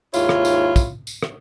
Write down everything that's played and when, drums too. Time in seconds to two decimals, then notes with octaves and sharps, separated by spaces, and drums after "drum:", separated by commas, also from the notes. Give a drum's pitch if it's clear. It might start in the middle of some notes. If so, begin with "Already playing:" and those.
0.14 D#2 G#2 E4 F4 C#5, drum: tambourine
0.29 drum: rim click
0.45 drum: tambourine
0.76 drum: kick, tambourine
1.07 drum: tambourine
1.23 drum: rim click